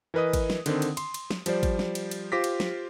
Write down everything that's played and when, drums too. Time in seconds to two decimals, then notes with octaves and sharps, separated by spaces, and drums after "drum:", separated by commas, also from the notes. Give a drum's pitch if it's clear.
0.14 E3 A#4 B4 D#5 D#6
0.33 drum: kick G#1, cymbal
0.50 drum: snare
0.66 D3 D#3 C4, drum: cymbal
0.82 drum: cymbal
0.97 C6, drum: cymbal
1.14 drum: cymbal
1.31 drum: snare
1.46 F3 G3 C5 D5, drum: cymbal
1.63 drum: kick G#1, cymbal
1.79 drum: snare
1.95 drum: cymbal
2.11 drum: cymbal
2.32 F4 G4 C5 D6 A#6 B6
2.44 drum: cymbal
2.60 drum: snare